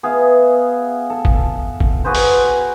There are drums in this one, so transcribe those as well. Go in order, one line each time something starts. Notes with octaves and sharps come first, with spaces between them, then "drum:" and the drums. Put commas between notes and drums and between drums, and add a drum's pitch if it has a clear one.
B3 G#4 E5 F5
A4
drum: kick
drum: kick
F#4 G#4 B4 C5
drum: open hi-hat